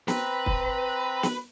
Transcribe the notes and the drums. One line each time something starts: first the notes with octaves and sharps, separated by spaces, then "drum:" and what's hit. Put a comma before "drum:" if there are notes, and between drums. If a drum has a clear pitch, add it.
C4 B4 A#5 B5, drum: snare
drum: kick
drum: snare